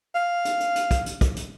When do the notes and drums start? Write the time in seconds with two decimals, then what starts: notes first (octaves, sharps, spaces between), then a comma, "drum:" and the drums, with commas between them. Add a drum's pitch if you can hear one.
0.15 F5
0.45 drum: hi-hat
0.60 drum: hi-hat
0.76 drum: hi-hat
0.91 drum: kick, hi-hat
1.06 drum: hi-hat
1.21 drum: kick, hi-hat
1.36 drum: hi-hat